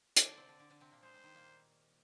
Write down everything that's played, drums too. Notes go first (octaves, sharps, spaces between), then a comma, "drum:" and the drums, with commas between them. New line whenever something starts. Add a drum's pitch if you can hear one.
D5, drum: hi-hat
D3 D4
C3 C4
D3 D4
D3 D4
D3 D4
C3 C4
A#2 A#3
G#3 C5
G3
D#3
A#2 A#3